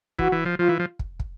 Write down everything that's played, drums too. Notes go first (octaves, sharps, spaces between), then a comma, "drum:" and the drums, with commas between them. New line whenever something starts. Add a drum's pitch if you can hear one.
E3 F#4, drum: kick
E3
F3
F3 F4
E3
F3
drum: kick
drum: kick